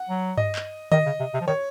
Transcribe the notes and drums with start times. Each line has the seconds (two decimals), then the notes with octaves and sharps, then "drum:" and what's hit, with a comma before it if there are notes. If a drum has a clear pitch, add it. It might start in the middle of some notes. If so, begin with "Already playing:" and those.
Already playing: F#5
0.09 F#3
0.37 D#5, drum: tom G2
0.56 drum: clap
0.92 D#3 D#5, drum: tom D3
1.06 C#3
1.20 C3
1.34 C3
1.41 F3
1.47 D#3 C#5